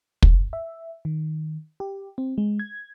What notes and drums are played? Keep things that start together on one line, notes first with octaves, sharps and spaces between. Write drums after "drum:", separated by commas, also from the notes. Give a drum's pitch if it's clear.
drum: kick
E5
D#3
G4
C4
G#3
G#6